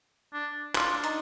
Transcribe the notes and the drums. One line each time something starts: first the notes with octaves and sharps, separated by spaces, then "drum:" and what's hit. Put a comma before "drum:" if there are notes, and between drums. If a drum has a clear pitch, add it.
D4
D4 F4, drum: clap
D#4, drum: hi-hat